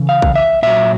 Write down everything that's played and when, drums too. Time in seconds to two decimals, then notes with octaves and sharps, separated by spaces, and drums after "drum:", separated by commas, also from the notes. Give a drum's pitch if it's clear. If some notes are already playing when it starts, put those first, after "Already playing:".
Already playing: C#3 E3
0.09 F5
0.22 drum: kick A#1
0.35 E5
0.63 A#2 F#3 E5